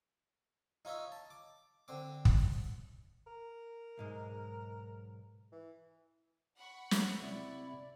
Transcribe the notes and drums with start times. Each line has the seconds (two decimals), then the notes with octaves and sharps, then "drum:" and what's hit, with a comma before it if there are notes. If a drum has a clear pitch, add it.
0.85 D#4 F4 C#5 D#5 E5
1.12 A5
1.30 D6
1.88 D3 C4 D6
2.25 drum: kick
3.27 A#4
3.97 B1 G#2 G#3
5.52 E3
6.56 F#5 B5 C#6
6.91 drum: snare
7.22 C3 E4 D5